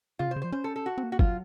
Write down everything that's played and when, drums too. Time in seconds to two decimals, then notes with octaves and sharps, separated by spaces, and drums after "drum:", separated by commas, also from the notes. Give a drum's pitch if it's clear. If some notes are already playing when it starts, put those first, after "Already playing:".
0.19 C#3 F4
0.28 C3 C5
0.36 C#3
0.42 F3 C5
0.52 C#4 C5
0.64 A4
0.76 A4
0.86 F#4
0.98 C4
1.03 A#3
1.12 F#4
1.19 F#3 F4, drum: kick